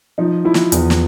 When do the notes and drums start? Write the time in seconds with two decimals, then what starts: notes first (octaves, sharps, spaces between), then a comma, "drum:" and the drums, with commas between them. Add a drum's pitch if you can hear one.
0.18 F3 D#4
0.45 F3 E4
0.54 drum: snare
0.72 E2, drum: hi-hat
0.90 drum: snare